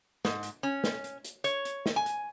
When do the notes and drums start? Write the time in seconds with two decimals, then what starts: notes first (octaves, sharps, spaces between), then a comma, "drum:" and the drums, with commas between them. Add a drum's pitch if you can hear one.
0.25 G#2, drum: snare
0.43 drum: hi-hat
0.63 C#4
0.84 drum: snare
1.04 drum: hi-hat
1.24 drum: hi-hat
1.44 C#5, drum: hi-hat
1.65 drum: hi-hat
1.86 drum: snare
1.96 G#5
2.06 drum: hi-hat